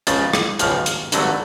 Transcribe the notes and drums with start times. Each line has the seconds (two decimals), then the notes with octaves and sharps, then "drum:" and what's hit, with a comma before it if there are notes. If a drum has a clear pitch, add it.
0.07 C#2 C#3 F3 A6, drum: hi-hat
0.33 drum: rim click
0.59 C#2 C#3 F3 F6, drum: hi-hat
0.86 drum: hi-hat
1.12 G#1 G2 D3 F#3 A3, drum: hi-hat